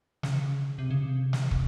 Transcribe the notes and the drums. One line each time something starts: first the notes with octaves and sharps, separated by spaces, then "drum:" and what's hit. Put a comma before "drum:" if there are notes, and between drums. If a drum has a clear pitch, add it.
C#3, drum: snare
C3
C#3
C3
drum: snare
drum: kick